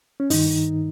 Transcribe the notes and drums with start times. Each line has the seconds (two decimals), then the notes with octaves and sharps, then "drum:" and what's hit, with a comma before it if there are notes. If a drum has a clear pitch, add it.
0.20 C#4
0.30 G2 D#3 D#4, drum: open hi-hat